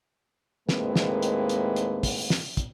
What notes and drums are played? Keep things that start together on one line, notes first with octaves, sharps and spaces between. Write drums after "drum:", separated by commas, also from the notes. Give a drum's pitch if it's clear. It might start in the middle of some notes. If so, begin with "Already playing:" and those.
D#2 A2 G#3 A#3 C4 B4, drum: snare
drum: snare
drum: hi-hat
drum: hi-hat
drum: hi-hat
drum: kick, open hi-hat
drum: snare
drum: kick, hi-hat